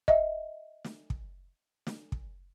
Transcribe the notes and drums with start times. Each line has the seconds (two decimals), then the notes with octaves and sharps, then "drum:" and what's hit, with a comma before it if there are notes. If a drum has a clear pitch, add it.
0.08 D#5 E5, drum: kick
0.84 drum: snare
1.10 drum: kick
1.87 drum: snare
2.12 drum: kick